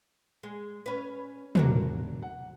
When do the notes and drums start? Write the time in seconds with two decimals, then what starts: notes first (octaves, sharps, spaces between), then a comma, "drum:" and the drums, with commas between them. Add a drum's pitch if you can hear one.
0.43 G#3
0.86 C#4 B4
1.55 E1 D4 F#4 A#4, drum: tom
2.22 F#5